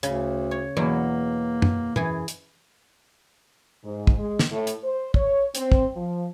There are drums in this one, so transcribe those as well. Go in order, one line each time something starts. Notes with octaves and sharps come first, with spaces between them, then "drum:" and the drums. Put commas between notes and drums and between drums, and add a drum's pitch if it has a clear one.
D2 C#3, drum: hi-hat
C#5
E2 B2 F#3 A#3
drum: tom
F#2 E3 G#4, drum: tom
drum: hi-hat
G#2
drum: kick
G#3
drum: snare
A2
drum: hi-hat
C5
C#5, drum: kick
C4, drum: hi-hat
drum: kick
F3